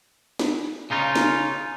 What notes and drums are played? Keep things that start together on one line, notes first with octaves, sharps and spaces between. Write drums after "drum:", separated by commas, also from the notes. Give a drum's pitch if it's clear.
drum: snare
C#3 D#4 F4
drum: snare